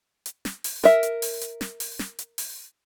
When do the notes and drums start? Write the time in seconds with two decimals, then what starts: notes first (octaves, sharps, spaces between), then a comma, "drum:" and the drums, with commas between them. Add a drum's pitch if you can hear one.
0.26 drum: hi-hat
0.45 drum: snare
0.64 drum: open hi-hat
0.84 A#4 E5, drum: snare
1.03 drum: hi-hat
1.22 drum: open hi-hat
1.41 drum: hi-hat
1.61 drum: snare
1.80 drum: open hi-hat
1.99 drum: snare
2.19 drum: hi-hat
2.38 drum: open hi-hat